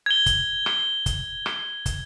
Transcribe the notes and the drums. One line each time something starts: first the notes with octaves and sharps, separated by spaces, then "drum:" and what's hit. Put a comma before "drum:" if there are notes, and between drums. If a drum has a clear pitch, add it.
G#6 G7
drum: kick, hi-hat
drum: rim click
drum: kick, hi-hat
drum: rim click
drum: kick, hi-hat